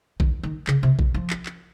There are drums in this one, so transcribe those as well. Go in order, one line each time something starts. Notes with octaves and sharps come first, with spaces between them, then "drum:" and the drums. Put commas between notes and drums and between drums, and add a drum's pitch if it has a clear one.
D#3, drum: kick A#1
D#3
C#3, drum: clap
C3
drum: kick A#1
F3
drum: clap
drum: clap